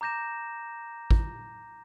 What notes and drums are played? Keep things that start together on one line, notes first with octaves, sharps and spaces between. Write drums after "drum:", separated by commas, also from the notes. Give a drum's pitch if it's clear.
A#5 D6 G6 A#6 E7
drum: kick